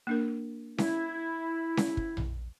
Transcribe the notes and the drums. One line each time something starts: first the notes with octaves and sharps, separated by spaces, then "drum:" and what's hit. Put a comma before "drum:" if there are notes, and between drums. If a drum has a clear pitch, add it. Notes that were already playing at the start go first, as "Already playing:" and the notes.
A#3 D4 A#4
E4, drum: snare C#4
drum: snare C#4
drum: kick
drum: tom A#1